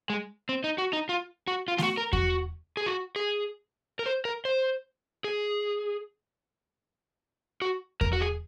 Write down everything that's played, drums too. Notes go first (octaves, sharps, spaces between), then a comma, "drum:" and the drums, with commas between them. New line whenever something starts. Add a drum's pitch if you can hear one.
G#3
C4
D#4
F#4
D#4
F4
F#4
F4
F4, drum: snare A3
F#4
A#4
F#4, drum: kick E2
G#4
F#4
G#4
A#4
C5
A#4
C5
G#4
F#4
A#4, drum: kick E2
F#4
G#4